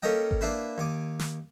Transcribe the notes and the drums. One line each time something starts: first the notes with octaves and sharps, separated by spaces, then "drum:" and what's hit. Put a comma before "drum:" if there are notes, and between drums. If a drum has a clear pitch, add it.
A#3 C#4 A4 A#4 D#5 G5
drum: kick G#1
A#3 D4 E4 B4 C5
D#2 G#5 D6
drum: snare